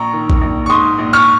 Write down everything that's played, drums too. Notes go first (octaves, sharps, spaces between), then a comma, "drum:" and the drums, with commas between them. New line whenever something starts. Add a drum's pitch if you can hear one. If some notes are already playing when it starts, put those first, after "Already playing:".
Already playing: A#1 A#5 C#6
D#3
drum: kick A#1
A#1
C#6
G#2 C6 D#6
A#1
C#6 F6